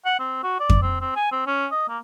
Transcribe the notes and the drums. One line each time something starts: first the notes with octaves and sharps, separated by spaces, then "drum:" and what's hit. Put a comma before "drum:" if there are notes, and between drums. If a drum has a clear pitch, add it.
F#5
C4
F#4
D5
drum: kick F2
C4
C4
G#5
C4
C#4
D#5
A#3